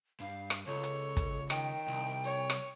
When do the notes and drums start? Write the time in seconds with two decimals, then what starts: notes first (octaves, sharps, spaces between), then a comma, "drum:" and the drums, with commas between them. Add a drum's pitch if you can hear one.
0.20 G2 F5
0.50 drum: rim click
0.67 C#2 A4 C#5
0.83 drum: hi-hat
1.17 drum: kick, hi-hat
1.50 D#3 G5, drum: rim click
1.88 C2
2.25 C#5
2.50 drum: rim click